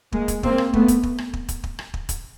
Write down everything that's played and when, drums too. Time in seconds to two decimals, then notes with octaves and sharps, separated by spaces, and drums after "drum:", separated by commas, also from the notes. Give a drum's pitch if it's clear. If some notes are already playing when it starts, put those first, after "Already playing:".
0.12 G#3 A#3, drum: kick
0.28 drum: kick, hi-hat
0.43 A#3 C4, drum: kick
0.58 drum: rim click
0.73 A3 B3, drum: kick
0.88 drum: kick, hi-hat
1.03 drum: kick
1.18 drum: rim click
1.33 drum: kick
1.49 drum: kick, hi-hat
1.64 drum: kick
1.79 drum: rim click
1.94 drum: kick
2.09 drum: kick, hi-hat